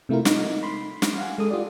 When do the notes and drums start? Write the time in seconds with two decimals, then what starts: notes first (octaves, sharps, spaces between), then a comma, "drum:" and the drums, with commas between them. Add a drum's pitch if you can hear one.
0.09 C3 A3 E4 F4 A#4
0.25 D#4, drum: snare
0.63 B5 C6
1.02 drum: snare
1.18 F5 F#5 G#5
1.38 G#3 A4 D#6
1.50 F4 G4 D5